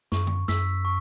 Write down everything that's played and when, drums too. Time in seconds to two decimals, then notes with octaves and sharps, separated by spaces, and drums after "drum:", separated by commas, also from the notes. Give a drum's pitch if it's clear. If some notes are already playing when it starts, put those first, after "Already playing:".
0.12 F#2 C#6, drum: snare
0.27 drum: tom D3
0.48 F#2 E6 B6, drum: snare
0.85 C#6